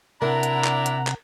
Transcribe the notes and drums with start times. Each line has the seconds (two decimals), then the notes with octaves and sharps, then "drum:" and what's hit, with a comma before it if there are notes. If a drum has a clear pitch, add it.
0.22 C3 D4 E4 A#4 F#5 A#5
0.43 drum: hi-hat
0.64 drum: clap
0.86 drum: hi-hat
1.07 drum: clap